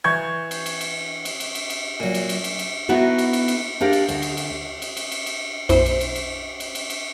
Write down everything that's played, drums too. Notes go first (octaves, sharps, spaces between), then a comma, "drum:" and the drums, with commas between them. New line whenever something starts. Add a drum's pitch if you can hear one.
E3 C#6 G6 G#6
drum: cymbal
drum: cymbal
drum: cymbal
drum: cymbal
drum: cymbal
drum: cymbal
drum: cymbal
A#2 F#3
drum: cymbal
drum: cymbal
drum: cymbal
drum: cymbal
B3 D#4 E4 F#4 A4
drum: cymbal
drum: cymbal
drum: cymbal
D4 G4 A#4 F5
drum: cymbal
D2, drum: cymbal
drum: cymbal
drum: cymbal
drum: cymbal
drum: cymbal
drum: cymbal
drum: cymbal
B1 F#2 E4 C5, drum: cymbal
drum: cymbal
drum: cymbal
drum: cymbal
drum: cymbal
drum: cymbal
drum: cymbal